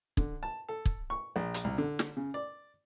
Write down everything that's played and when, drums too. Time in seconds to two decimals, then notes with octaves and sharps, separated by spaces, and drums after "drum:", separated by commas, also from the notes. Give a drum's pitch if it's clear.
0.17 D3, drum: kick
0.43 A5
0.69 A4
0.85 drum: kick
1.10 C#6
1.36 A#1
1.54 drum: hi-hat
1.64 C2
1.78 D3
1.99 drum: snare
2.17 C#3
2.34 D5